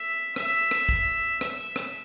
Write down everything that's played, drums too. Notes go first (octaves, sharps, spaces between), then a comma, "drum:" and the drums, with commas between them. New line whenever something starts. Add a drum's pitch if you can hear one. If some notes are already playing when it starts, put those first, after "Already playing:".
Already playing: E5
E5, drum: rim click
drum: rim click
drum: kick
E5, drum: rim click
drum: rim click